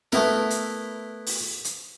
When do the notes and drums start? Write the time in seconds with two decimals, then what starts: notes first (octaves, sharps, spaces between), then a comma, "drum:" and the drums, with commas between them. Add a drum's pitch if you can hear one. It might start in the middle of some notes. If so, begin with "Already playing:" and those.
0.12 A3 B3 E4 A#4, drum: snare
0.50 drum: hi-hat
1.26 drum: open hi-hat
1.65 drum: hi-hat